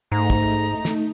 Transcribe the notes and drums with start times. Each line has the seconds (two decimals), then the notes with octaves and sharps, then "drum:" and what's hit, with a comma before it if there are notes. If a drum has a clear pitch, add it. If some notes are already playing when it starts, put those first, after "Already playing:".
0.12 G#2 A3 D#4 A#5
0.30 drum: kick
0.85 drum: snare